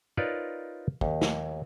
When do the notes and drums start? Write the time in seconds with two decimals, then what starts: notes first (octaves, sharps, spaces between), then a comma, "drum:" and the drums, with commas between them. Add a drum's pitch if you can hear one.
0.17 D#4 F4 A#4 B4 C#5 D5
1.01 D#2, drum: kick
1.21 drum: snare